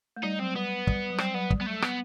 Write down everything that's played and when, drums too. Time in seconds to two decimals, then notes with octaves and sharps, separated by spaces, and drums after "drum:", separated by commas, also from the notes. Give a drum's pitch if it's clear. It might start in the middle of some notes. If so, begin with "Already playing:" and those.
0.16 A3
0.23 G3 D#4
0.40 F#3 C4
0.56 G3 B3
0.87 G3, drum: kick
1.11 F#3
1.18 G3 C4, drum: rim click
1.34 F#3 B3
1.50 G3, drum: kick
1.61 B3
1.66 A3
1.82 B3, drum: rim click